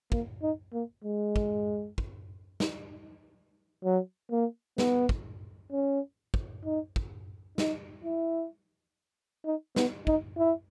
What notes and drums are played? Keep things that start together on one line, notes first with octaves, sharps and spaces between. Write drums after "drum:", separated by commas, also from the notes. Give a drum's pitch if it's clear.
A#3, drum: kick
D#4
A#3
G#3
drum: kick
drum: kick
drum: snare
F#3
A#3
B3, drum: snare
drum: kick
C#4
drum: kick
D#4
drum: kick
D#4, drum: snare
E4
D#4
B3, drum: snare
D#4, drum: kick
E4